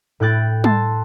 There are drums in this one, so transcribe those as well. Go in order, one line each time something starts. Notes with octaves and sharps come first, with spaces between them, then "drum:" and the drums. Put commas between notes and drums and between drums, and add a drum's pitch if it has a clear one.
A2 E4 G5 F#6 A6 D7
A5 C6 E6 A6, drum: tom G3